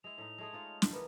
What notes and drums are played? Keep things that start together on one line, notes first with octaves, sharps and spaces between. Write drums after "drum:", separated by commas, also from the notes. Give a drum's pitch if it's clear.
G#3 E4 F7
A2 D#4
G#3 A3 G#4
D#4 F4 C#5
drum: snare
E3 A#3 B3 B5